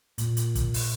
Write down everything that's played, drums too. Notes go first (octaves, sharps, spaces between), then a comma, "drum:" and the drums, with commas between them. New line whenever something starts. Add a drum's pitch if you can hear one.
A#2, drum: hi-hat
drum: hi-hat
drum: kick, hi-hat
drum: open hi-hat